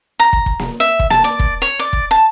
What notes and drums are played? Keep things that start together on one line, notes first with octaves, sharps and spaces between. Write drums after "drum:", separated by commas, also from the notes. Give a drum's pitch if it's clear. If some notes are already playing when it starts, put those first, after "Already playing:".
A#5
drum: kick
drum: kick
drum: snare A#3
E5
drum: kick
A5, drum: snare A#3
D5
drum: kick
C#5
D5
drum: kick
A5